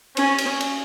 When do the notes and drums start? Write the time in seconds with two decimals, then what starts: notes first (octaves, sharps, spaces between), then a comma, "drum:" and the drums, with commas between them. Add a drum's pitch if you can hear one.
0.17 C#4, drum: cymbal
0.38 drum: cymbal
0.60 drum: cymbal